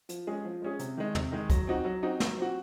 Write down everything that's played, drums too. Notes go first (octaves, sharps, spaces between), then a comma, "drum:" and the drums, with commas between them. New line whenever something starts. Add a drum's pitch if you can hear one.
F3, drum: hi-hat
G#3 C#4 G#4
F3
G#3 C#4 G#4
C3, drum: hi-hat
D#3 G#3
C3, drum: tom
D#3 G#3
F#3, drum: kick, hi-hat
C4 D#4 F#4
F#3
C4 D#4 F#4
F#3, drum: snare
C4 F#4